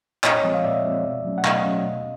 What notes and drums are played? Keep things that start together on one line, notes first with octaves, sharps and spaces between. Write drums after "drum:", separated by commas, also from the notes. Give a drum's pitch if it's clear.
A#2 C#5 D#5, drum: clap
F3 G#3 C4
F5
A#2 D5 E5
F3 G#3 C4
B2
F#3 A3 C#4
F#5
B2 D#5 F5, drum: clap
F#3 A3 C#4
B2